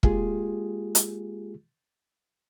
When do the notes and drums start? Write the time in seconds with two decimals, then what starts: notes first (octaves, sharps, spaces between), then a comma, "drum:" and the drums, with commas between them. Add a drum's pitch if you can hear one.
0.03 G#3 A#3 F4 G4 G#4, drum: kick
0.95 drum: hi-hat